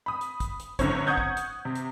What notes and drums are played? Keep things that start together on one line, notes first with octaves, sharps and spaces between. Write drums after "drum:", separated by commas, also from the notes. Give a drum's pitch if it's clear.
B5 D#6
drum: hi-hat
drum: kick, hi-hat
drum: hi-hat
G1 F#2 A2 D3 C5 C#5, drum: kick, hi-hat
F#5 C#6 D#6 G6 G#6
drum: kick
drum: hi-hat
C3
drum: hi-hat